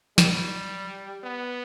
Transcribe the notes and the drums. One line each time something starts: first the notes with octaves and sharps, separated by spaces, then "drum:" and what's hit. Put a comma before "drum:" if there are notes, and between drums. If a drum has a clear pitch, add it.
G3, drum: snare
B3